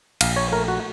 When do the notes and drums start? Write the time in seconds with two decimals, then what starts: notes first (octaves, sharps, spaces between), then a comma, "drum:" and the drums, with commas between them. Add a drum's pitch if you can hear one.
0.21 A#1 F5, drum: cymbal
0.36 C#5
0.52 A3 A#4
0.68 F#4